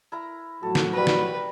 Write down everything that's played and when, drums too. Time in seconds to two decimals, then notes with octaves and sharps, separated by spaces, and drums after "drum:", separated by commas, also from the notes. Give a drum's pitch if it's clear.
0.12 E4 A#4 A#5
0.63 A2 F3 F#3 F#4 A4
0.75 drum: snare
0.93 G3 B4 E5 A#5
1.07 drum: snare